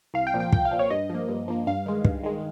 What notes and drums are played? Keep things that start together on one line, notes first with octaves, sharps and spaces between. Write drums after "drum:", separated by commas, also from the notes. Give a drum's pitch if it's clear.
C2 F5
G5
A#2 F3
G5
C2 G5, drum: kick
F5
A#2 F3
C#5
G2 D#5
F3 A#3
G2
F3 A#3
G2 F5
D#3 G#3
G2, drum: kick
D#3 G#3